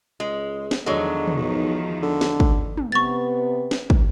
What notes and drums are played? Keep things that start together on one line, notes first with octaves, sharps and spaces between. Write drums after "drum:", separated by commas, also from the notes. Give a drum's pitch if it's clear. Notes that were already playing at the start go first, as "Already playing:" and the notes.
C#2 G#3
drum: snare
E2 D3 D#3 F3 F#3 G#3
drum: tom
B1
D3
drum: snare
drum: kick
drum: tom
C3 B3 C#6 A6
drum: snare
drum: kick